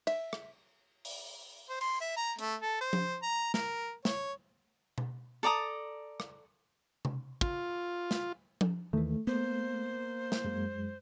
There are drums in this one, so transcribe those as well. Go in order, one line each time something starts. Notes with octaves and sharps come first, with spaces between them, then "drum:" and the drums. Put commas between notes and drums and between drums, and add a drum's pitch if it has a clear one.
E5, drum: cymbal
drum: rim click
drum: open hi-hat
C5
C6, drum: cymbal
E5
A#5
A3, drum: hi-hat
A4
C5
drum: tom F3
A#5
A#4, drum: snare
C#5, drum: snare
drum: tom B2
A4 D5 A#5 D#6
drum: rim click
drum: tom C3
F4, drum: kick
drum: snare
drum: tom F3
D#2 D#3 E3 A3
A#3 B3 C5
drum: snare
F#2 G#3